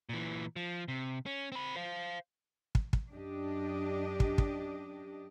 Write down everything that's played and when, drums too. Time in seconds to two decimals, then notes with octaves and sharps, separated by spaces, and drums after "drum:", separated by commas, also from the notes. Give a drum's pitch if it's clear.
0.09 A#2 E3
0.56 F3
0.88 C3
1.26 C#4
1.52 C4 B5
1.76 C5 F5
2.75 drum: kick
2.93 drum: kick
3.11 F#2 D4 G4 D#5
4.20 drum: kick
4.38 drum: kick